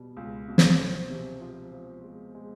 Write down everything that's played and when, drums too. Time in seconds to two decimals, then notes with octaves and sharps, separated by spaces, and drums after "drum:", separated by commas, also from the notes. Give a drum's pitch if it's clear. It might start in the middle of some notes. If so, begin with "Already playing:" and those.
Already playing: B2 G3
0.17 C#2
0.49 B2
0.58 drum: snare
0.79 C4
1.10 C3
1.41 F3
1.72 F3
2.03 G#3
2.35 G#3